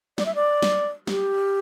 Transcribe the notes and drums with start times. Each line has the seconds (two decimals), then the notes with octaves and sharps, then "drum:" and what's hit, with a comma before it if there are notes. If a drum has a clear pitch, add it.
0.18 D5, drum: snare
0.26 E5
0.35 D5
0.62 drum: snare
1.07 G4, drum: snare